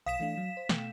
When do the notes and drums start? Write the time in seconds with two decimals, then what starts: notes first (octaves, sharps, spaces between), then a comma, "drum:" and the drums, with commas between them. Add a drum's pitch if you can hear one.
0.06 B1 F5 B6 E7
0.20 E3 A3 D4
0.37 F#3
0.57 C5
0.69 B2 A3 G5, drum: snare